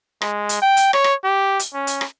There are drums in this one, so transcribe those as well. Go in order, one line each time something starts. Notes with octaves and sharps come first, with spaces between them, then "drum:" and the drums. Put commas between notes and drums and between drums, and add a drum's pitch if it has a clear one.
G#3, drum: rim click
drum: hi-hat
G5
drum: hi-hat
C#5, drum: rim click
drum: rim click
G4
drum: hi-hat
C#4
drum: hi-hat
drum: rim click